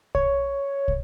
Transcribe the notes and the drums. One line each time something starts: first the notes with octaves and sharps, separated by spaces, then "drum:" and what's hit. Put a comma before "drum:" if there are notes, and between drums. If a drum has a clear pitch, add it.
C#5, drum: kick
drum: kick